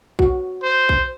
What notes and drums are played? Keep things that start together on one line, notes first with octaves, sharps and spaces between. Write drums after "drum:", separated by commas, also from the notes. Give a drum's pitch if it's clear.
F#4, drum: kick
C5
drum: kick